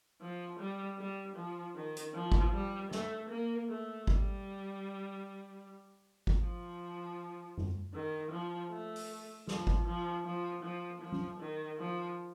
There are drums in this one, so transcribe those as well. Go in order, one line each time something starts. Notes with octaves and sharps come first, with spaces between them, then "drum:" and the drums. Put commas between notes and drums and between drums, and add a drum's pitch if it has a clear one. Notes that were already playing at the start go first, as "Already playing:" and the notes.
F3
G3
G3
F3
D#3
drum: hi-hat
F3
drum: kick G#1
G3
A3, drum: snare
A#3
A3
G3, drum: kick G#1
drum: kick G#1
F3
drum: tom F#2
D#3
F3
A3
drum: open hi-hat
F3, drum: snare
drum: kick G#1
F3
F3
F3
F3
drum: tom F#3
D#3
F3